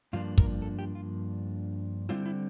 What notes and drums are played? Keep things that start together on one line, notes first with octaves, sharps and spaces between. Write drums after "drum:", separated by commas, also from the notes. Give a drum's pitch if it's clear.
G2 F3 A#3 D4 F4
A#4, drum: kick
A4
G4
F4
D3 G3 C4 E4 F4
E4